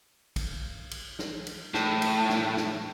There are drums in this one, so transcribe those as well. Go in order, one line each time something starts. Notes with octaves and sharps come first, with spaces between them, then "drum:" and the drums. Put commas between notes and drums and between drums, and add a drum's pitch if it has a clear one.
drum: kick A#1, cymbal
drum: cymbal
drum: snare
drum: cymbal
A2, drum: snare
drum: cymbal
drum: snare
drum: snare